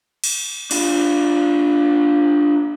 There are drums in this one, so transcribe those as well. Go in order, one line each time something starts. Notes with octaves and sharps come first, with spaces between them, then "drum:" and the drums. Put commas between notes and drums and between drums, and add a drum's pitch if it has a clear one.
drum: cymbal
D4 F4, drum: cymbal